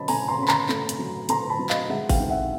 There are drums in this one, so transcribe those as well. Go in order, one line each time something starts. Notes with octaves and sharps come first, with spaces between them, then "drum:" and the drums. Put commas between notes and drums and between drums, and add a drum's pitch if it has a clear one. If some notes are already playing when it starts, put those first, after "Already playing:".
Already playing: F#3 C#4 D#5 A5 B5
A3 G#5 A#5, drum: open hi-hat
A#5 C6
C#4 B5
A#5 C6, drum: clap
A3, drum: clap
drum: hi-hat
F#3
A3 A#5 C6, drum: hi-hat
A5 B5
F#3
D#5 F5, drum: clap
G#3 E5 F#5
F5 G5, drum: kick G#1, open hi-hat
G#2
E5 F#5